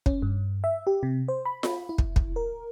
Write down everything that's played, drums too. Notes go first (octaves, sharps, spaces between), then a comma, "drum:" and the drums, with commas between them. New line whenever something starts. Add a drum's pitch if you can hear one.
C#4, drum: kick
G2
E5
G4
C3
C5
B5
drum: snare F4
E4
drum: kick
drum: kick
A#4